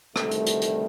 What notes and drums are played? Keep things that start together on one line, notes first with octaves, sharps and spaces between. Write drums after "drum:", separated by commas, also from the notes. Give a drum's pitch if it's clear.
D2 C3 D#3 G3 A3, drum: rim click
drum: hi-hat
drum: hi-hat
drum: hi-hat